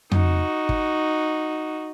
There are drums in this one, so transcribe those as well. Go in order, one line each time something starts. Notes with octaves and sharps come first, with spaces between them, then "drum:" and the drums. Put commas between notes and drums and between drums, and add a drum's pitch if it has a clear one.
D#4 F#4, drum: tom F2
drum: kick